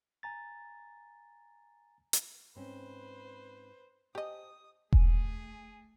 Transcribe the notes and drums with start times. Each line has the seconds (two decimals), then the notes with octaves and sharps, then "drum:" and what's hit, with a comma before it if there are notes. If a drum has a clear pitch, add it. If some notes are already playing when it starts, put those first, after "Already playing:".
0.23 G#5 A#5 A6
2.13 drum: hi-hat
2.56 G#2 C4 C#4 B4 C5
4.15 G4 C5 D#5 G#5 A5 D#6
4.93 A3 G#4 G#5, drum: kick E1